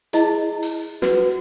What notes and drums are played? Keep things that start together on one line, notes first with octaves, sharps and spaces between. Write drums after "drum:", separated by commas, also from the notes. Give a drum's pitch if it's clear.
E4 G#4 D#5 A5, drum: hi-hat
drum: open hi-hat
F#4 B4 F#5, drum: snare